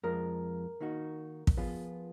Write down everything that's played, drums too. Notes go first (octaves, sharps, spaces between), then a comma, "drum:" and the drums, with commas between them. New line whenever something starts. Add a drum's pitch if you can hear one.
F2 F3 G#3 A#4
D#3 A#3 D#4 F#4
drum: kick
F3 B3 F4 G#4 B4